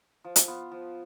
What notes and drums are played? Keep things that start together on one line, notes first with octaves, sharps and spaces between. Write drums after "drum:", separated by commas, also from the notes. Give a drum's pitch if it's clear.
F3
drum: hi-hat
B3 F4
F3